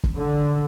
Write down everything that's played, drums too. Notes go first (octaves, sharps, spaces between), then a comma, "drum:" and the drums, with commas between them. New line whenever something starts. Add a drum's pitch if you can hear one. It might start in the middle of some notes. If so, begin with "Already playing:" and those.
drum: kick
D3